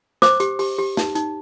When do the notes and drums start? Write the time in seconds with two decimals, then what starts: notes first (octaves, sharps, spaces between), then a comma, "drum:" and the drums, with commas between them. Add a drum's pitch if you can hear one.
0.22 C5 D6, drum: snare
0.40 G4, drum: hi-hat
0.59 G4, drum: open hi-hat
0.78 G4
0.97 D#4, drum: snare
1.15 D#4, drum: hi-hat